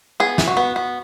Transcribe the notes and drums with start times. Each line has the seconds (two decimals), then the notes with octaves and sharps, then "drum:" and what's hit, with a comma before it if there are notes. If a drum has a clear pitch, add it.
0.20 B3 G#4
0.38 E3, drum: snare
0.48 F#4
0.57 B3
0.76 B3